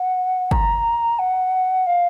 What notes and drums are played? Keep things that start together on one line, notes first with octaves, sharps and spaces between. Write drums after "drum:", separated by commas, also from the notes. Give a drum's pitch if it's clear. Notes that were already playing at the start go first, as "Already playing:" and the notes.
Already playing: F#5
A#5, drum: kick G1
F#5
F5